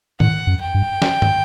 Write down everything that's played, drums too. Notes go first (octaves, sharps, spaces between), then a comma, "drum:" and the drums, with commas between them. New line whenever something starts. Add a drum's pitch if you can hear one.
A2 F#5, drum: tom D#3
F#2
G5
G2
drum: snare
drum: tom